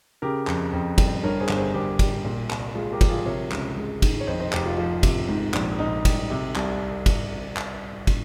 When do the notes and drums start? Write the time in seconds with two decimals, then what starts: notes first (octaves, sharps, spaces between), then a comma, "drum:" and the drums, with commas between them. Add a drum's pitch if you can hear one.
0.22 C#3 G4 A#4
0.47 F2, drum: clap
0.73 F2
0.98 G3, drum: kick, cymbal
1.24 G2 A#4 C#5
1.40 G#4 C5
1.49 G1, drum: clap
1.57 G#4 C5
1.74 G1 G4 A#4
1.99 G3, drum: kick, cymbal
2.25 A#2
2.50 C2, drum: clap
2.75 G#3 F4 G#4
2.92 G4 A#4
3.01 F3, drum: kick, cymbal
3.09 F4 G#4
3.25 C3 A#4 C#5
3.52 C#2, drum: clap
3.77 G#3
4.02 D#3, drum: kick, cymbal
4.21 C#5
4.27 F2 C5 D#5
4.40 C5 D#5
4.53 F1 D#4 G4, drum: clap
4.65 F4
4.78 F3 F4
5.03 C3, drum: kick, cymbal
5.29 G#2
5.54 A#1, drum: clap
5.79 A#1 D#4
6.05 G3, drum: kick, cymbal
6.30 C3
6.56 C2, drum: clap
7.06 drum: kick, cymbal
7.57 drum: clap
8.07 drum: kick, cymbal